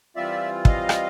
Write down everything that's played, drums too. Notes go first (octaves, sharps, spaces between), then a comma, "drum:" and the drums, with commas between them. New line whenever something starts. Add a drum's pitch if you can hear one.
E3 G3 C4 F4 D5 E5
D#5 F5, drum: kick
drum: rim click